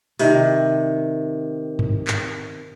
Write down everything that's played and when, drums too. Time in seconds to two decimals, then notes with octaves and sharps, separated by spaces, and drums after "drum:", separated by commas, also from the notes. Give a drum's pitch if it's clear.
0.19 C3 D#3, drum: open hi-hat
1.79 drum: tom G2
2.07 drum: clap